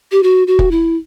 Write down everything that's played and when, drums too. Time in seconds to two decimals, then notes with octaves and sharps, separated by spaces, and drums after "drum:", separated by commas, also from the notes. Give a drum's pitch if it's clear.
0.12 G4
0.23 F#4
0.47 F#4
0.59 drum: kick
0.71 E4